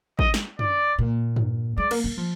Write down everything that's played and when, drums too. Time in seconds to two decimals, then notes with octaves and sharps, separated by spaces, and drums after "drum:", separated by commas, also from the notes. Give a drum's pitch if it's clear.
0.19 D#5, drum: kick
0.34 drum: snare
0.59 D5, drum: tom F#2
0.99 A#2
1.36 drum: tom G2
1.77 G#3 D5
1.91 A#3, drum: cymbal
2.04 A#3
2.17 F3